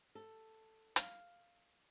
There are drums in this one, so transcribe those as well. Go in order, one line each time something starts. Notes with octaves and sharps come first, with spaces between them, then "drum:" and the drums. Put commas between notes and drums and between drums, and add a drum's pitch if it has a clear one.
A4
F5, drum: hi-hat